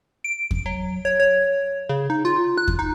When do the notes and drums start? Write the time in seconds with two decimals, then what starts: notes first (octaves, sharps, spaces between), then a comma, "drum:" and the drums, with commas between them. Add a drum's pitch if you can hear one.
0.24 D7
0.51 drum: kick E2
0.66 F#3
1.05 C#5
1.20 C#5
1.89 C#3
2.10 D#4
2.25 F4
2.58 F#6
2.68 drum: kick E2
2.79 D#4